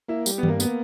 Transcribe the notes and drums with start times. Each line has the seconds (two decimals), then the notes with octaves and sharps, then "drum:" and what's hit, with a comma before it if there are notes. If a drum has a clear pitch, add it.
0.08 A#3 E4
0.26 G3, drum: tambourine
0.38 B3
0.43 G2 A#3, drum: tom D#3
0.60 A#3 B3, drum: tambourine